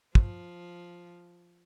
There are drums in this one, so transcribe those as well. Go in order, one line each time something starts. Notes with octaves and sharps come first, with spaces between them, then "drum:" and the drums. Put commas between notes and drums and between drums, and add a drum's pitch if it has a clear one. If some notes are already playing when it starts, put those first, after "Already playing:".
F3, drum: kick